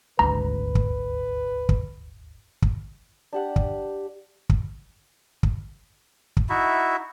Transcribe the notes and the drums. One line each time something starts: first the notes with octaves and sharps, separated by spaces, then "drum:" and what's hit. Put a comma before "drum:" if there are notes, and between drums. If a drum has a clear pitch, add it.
D#1 G#1 D2 B4 A#5
drum: kick
drum: kick
drum: kick
D4 G4 F#5
drum: kick
drum: kick
drum: kick
drum: kick
D#4 E4 F#4 E5